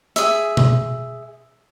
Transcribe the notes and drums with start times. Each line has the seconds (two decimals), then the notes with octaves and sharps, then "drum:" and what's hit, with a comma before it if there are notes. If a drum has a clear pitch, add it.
0.16 G#4 E5, drum: hi-hat
0.57 drum: tom B2